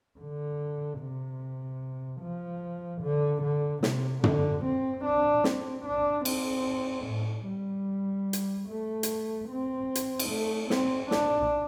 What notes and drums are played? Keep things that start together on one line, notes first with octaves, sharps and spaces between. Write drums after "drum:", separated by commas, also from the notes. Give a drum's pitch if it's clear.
D3
C3
F3
D3
D3
C3, drum: snare
D3, drum: tom
C4
D4
C4, drum: snare
D4
C4, drum: cymbal
A2
G3
drum: hi-hat
A3
drum: hi-hat
C4
drum: hi-hat
drum: cymbal
A3
C4, drum: snare
D4, drum: snare